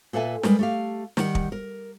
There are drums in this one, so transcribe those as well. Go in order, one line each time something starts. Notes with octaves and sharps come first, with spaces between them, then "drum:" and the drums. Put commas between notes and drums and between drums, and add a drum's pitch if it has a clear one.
A#2 A4 B4 E5 G#5
G3 G#3 A#4 B4, drum: snare
A3 G4 F5
D#3 G3 F#5, drum: snare
drum: kick
A#4